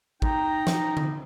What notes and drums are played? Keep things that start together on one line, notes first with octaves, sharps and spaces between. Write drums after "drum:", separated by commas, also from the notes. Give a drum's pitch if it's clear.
D#4 G5 A#5, drum: kick
drum: snare
drum: tom D3